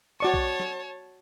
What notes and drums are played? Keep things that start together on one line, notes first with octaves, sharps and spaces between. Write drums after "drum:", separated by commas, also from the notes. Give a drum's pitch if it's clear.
F#4 C#5 D5 A5 C#6
drum: kick A#1
drum: snare